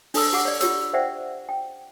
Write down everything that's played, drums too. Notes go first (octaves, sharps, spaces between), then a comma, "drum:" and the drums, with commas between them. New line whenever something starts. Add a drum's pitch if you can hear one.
D4 A4 A5 D#6 E6, drum: open hi-hat
G4 F#5 D6
C#5 D5
F4 G4 C#5 E6, drum: hi-hat
C5 D5 E5 F#5 G5
G5